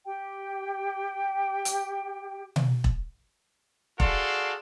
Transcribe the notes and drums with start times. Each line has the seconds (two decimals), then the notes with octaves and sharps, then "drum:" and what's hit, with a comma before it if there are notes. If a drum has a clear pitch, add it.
0.05 G4 G5
1.65 drum: hi-hat
2.56 drum: tom B2
2.84 drum: kick E1
4.00 F#4 G#4 A4 D5 F5 C6, drum: kick E1